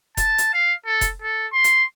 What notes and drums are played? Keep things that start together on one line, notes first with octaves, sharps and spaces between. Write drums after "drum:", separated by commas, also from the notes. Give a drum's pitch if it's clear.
A5, drum: kick F1, hi-hat
drum: hi-hat
F5
A4
drum: kick F1, hi-hat
A4
C6
drum: hi-hat